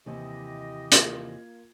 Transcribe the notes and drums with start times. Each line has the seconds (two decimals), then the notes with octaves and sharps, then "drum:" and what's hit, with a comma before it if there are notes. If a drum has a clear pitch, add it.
0.06 D#2 C3 E3 G4 D#5
0.92 A#3 F4 G#6, drum: hi-hat